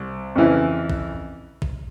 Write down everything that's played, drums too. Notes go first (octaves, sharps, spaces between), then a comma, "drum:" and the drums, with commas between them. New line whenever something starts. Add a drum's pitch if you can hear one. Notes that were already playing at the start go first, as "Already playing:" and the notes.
Already playing: C2
F2 C#3 E3
drum: kick
drum: kick